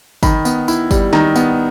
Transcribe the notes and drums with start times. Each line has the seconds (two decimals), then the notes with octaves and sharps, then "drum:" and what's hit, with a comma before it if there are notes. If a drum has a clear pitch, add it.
0.23 D#3 B5, drum: kick G1, tambourine
0.45 B3, drum: tambourine
0.68 E4, drum: tambourine
0.91 G3, drum: kick G1, tambourine
1.13 D#3 A#5, drum: snare
1.36 B3, drum: tambourine